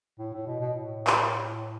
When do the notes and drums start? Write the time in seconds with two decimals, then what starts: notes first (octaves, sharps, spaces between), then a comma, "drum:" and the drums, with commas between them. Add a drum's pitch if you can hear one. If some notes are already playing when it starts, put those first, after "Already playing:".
0.19 A2
0.33 A2
0.47 B2
0.60 B2
0.74 A2
1.07 drum: clap